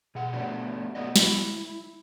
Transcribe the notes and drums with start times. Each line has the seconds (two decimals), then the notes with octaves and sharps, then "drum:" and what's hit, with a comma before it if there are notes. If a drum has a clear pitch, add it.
0.15 B2 G#4 F#5
0.33 A3 B3 D4 F#4 G4
0.95 A3 B3 F#4 D5 D#5
1.16 E4, drum: snare